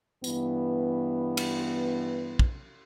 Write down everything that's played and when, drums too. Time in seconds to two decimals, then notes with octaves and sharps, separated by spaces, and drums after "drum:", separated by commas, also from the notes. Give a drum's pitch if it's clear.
0.24 G2 E3 B3, drum: tambourine
1.37 drum: cymbal
2.39 drum: kick